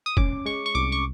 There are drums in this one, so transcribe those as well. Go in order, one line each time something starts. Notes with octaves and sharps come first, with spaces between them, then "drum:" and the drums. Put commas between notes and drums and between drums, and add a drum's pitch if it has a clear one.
D#6
C#4 D6, drum: kick
G#3 C#6
C#6
C2 D6
C#6